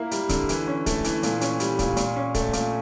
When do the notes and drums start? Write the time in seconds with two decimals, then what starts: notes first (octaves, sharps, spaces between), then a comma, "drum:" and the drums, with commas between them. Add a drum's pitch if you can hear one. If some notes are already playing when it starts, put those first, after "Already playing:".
Already playing: A#3 E4
0.11 G3, drum: hi-hat
0.29 D3, drum: kick, hi-hat
0.49 E3, drum: hi-hat
0.67 C#4
0.86 A3, drum: kick, hi-hat
1.04 E3, drum: hi-hat
1.23 A#2, drum: hi-hat
1.41 C#4, drum: hi-hat
1.60 G3, drum: hi-hat
1.79 A#2, drum: kick, hi-hat
1.97 A#2, drum: hi-hat
2.16 C#4
2.34 A3, drum: kick, hi-hat
2.53 A#2, drum: hi-hat